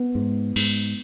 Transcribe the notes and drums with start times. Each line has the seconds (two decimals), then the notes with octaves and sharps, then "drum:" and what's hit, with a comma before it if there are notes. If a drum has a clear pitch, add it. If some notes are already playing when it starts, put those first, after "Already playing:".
Already playing: B3
0.15 G#2
0.56 G#2, drum: cymbal